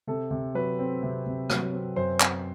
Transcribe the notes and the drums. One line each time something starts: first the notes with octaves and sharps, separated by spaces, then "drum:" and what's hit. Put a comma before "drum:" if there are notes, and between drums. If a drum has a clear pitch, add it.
C3 A4
C3
F#3 B4
C4
C3
C3
F#3, drum: rim click
C4
F#2 C5
C4, drum: clap